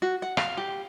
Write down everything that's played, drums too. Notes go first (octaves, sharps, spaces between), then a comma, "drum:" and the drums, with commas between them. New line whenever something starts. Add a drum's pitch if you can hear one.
F#4
F#5
F5, drum: rim click
G4